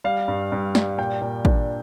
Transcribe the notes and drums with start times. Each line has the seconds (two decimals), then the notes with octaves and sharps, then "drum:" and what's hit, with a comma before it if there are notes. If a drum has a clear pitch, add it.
0.04 G3 F5
0.28 G2
0.52 G2
0.75 G3, drum: snare
0.98 A#2 G5
1.22 A#2
1.45 D4, drum: kick